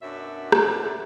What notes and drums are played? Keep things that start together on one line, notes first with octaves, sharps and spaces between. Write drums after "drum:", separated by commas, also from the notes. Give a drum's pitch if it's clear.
F#2 B2 D4 E5
drum: rim click